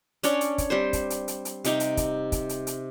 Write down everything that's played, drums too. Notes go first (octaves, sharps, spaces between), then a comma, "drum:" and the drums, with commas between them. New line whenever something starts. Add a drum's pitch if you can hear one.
C#4 D4 C#5 D5, drum: hi-hat
drum: hi-hat
drum: kick, hi-hat
G3 C4 C5
drum: kick, hi-hat
drum: hi-hat
drum: hi-hat
drum: hi-hat
C3 D#4 G4, drum: hi-hat
drum: hi-hat
drum: kick, hi-hat
drum: kick, hi-hat
drum: hi-hat
drum: hi-hat